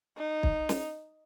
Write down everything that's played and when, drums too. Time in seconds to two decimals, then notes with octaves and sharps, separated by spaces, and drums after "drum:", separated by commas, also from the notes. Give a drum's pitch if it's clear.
0.18 D#4
0.43 drum: kick
0.69 drum: snare